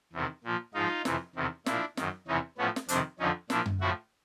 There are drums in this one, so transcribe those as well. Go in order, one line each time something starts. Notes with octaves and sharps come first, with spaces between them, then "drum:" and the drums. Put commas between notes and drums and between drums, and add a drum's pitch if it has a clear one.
E2 C3 D#3
A#2 F3
G#2 F3 D#4 F4
F2 C3 E3, drum: snare
E2 C3 D#3
A#2 F3 D4 E4, drum: snare
F#2 D#3, drum: snare
E2 C3 E3 C#4 D#4
A2 F3 B3 C#4
drum: snare
F2 C3 D#3 C4 D4, drum: hi-hat
F2 D3 F3 C#4 D#4
A#2 F3 D4 E4, drum: snare
drum: tom F#2
A2 F3 E4 F#4